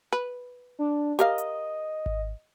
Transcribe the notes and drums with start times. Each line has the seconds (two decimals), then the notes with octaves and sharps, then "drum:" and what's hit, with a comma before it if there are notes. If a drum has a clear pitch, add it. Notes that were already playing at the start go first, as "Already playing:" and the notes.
0.12 B4
0.79 D4
1.19 G4 A#4 D#5 F5, drum: hi-hat
1.38 drum: hi-hat
2.06 drum: kick G#1